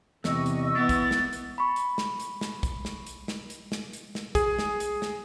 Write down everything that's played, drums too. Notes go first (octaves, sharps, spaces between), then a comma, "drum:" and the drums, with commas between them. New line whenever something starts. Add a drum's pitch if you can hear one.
E2 C3 D#5 C#6 E6, drum: snare
drum: hi-hat
B3 E4 A6
drum: kick, hi-hat
drum: snare
drum: hi-hat
B5 C#6
drum: hi-hat
drum: snare
drum: hi-hat
drum: snare
drum: kick, hi-hat
drum: snare
drum: hi-hat
drum: snare
drum: hi-hat
drum: snare
drum: hi-hat
drum: snare
G#4, drum: kick, hi-hat
drum: snare
drum: hi-hat
drum: snare